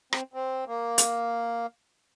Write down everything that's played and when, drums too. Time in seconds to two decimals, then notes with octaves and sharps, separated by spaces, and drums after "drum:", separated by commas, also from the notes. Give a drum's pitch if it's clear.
0.13 C4, drum: rim click
0.34 C4
0.67 A#3
0.98 drum: hi-hat